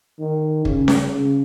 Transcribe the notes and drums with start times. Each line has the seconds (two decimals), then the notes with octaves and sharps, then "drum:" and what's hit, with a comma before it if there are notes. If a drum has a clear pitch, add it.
0.20 D#3
0.65 C#3, drum: kick
0.88 drum: snare C#4
1.11 C#3